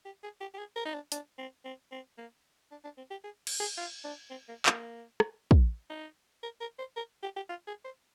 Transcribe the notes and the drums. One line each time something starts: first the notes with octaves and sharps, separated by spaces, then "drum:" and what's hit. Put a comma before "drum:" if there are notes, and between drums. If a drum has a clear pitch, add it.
G4
G#4
G4
G4
G#4
A#4
D#4
D4
D4, drum: hi-hat
C4
C4
C4
A#3
D4
D4
C4
G4
G#4
drum: cymbal
G#4
F4
D4
C4
A#3
A#3, drum: clap
drum: rim click
drum: kick
D#4
A#4
A#4
C5
A#4
G4
G4
F4
G#4
C5